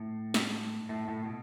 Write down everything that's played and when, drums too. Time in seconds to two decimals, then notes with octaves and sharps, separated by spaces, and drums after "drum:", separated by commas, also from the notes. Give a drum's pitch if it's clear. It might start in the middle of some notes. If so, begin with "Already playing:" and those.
Already playing: A2
0.34 drum: snare
0.89 A2
1.08 A2
1.25 B2